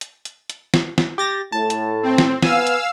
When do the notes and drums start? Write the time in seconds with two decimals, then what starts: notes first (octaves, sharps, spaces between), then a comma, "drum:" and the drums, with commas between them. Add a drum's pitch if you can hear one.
0.01 drum: hi-hat
0.25 drum: hi-hat
0.50 drum: hi-hat
0.74 drum: snare
0.98 drum: snare
1.18 G4 A6 A#6
1.52 A2 A5
1.70 drum: hi-hat
2.03 C4
2.18 drum: snare
2.43 B3 F5 G#5 E6, drum: snare
2.67 drum: hi-hat